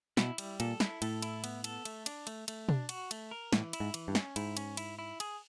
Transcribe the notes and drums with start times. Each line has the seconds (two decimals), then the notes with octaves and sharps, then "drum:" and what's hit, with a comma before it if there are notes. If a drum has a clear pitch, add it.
0.17 B2 E4, drum: snare
0.38 G3, drum: cymbal
0.60 A#2 A4, drum: cymbal
0.80 E4, drum: snare
1.02 A2 A4, drum: cymbal
1.22 E4, drum: cymbal
1.44 B3, drum: cymbal
1.64 A4, drum: cymbal
1.85 A3, drum: cymbal
2.06 D4, drum: cymbal
2.27 A3, drum: cymbal
2.48 A3, drum: cymbal
2.69 D4, drum: tom B2
2.89 F#4, drum: cymbal
3.11 A3, drum: cymbal
3.31 A#4
3.53 A2 E3, drum: snare
3.73 E4, drum: cymbal
3.80 G#2
3.94 E3, drum: cymbal
4.08 G2
4.15 C#4, drum: snare
4.36 G#2 E4, drum: cymbal
4.57 C#4, drum: cymbal
4.77 E4, drum: cymbal
4.99 E4
5.20 G#4, drum: cymbal